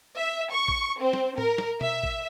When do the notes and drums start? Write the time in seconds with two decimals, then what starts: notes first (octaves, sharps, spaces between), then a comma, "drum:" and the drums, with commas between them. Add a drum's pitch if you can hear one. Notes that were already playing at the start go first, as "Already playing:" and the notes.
0.18 E5
0.51 C#6
0.68 drum: kick A1
0.99 C4
1.13 drum: snare
1.38 A#4, drum: tom A2
1.58 drum: snare
1.81 E5, drum: tom B2
2.03 drum: kick A1